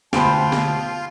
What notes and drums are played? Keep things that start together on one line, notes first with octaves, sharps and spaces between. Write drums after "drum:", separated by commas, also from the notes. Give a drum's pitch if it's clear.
D2 B2 F4 C5 G5 A5 B5, drum: snare
drum: snare